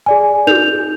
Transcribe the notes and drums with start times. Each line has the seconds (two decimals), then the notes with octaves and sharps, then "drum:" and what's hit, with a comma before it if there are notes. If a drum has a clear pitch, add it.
0.06 G#4 D5 G#5
0.47 D#4 G6 F7, drum: tom